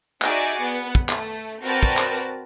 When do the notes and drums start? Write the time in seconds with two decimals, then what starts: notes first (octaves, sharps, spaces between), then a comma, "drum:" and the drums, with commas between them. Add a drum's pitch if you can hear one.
0.22 D#4 F#4 G#4 D5 E5 G#5, drum: clap
0.59 B3 F#5
0.95 drum: kick
1.09 A3, drum: clap
1.62 C4 F#4 A#4 B4 D5 A5
1.83 drum: kick
1.97 drum: clap